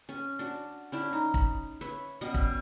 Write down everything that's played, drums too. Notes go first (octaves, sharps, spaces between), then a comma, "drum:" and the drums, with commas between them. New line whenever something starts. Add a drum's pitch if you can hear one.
C#4
D4 F#4
C#4 D4 E4 G4
D#4
drum: kick
B4 C#5 E5
B2 G3 C#4 D#5
drum: kick